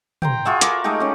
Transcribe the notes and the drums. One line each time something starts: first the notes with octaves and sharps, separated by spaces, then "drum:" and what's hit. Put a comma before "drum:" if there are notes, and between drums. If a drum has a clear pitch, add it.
G5 A#5 C6, drum: tom
F4 F#4 G#4 E5
A4 A#4 B5 D6, drum: hi-hat
G#3 A3 D#4 G4
A3 C#4